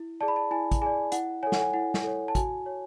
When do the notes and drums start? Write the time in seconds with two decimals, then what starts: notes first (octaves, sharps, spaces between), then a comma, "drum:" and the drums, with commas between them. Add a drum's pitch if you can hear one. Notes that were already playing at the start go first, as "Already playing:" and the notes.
Already playing: E4
0.20 G#4 D5 A5
0.28 B5
0.36 A5
0.51 E4 G#5
0.72 drum: kick, hi-hat
0.82 G#4 D5 G#5
1.12 E4 F#5, drum: hi-hat
1.43 A4 C#5 G#5
1.52 F#5, drum: snare
1.61 G#5
1.74 E4 F#5
1.94 drum: snare
2.04 A4 C#5
2.28 A5
2.35 F#4 G#5, drum: kick, hi-hat
2.66 C#5